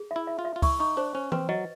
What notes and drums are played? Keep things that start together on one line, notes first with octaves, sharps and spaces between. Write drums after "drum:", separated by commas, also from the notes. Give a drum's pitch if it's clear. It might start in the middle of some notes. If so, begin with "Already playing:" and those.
Already playing: G#4
E5
E4
E5
F4
E5
F4
E4 C#6, drum: kick C#2, open hi-hat
D#4 C#6
D4 C5
C#4 C5
C4 B4, drum: tom E3
F#3 D#5